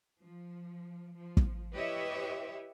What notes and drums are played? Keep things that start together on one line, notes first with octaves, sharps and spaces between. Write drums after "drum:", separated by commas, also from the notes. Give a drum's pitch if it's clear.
F3
F3
drum: kick
E4 G4 B4 C#5 D#5 E5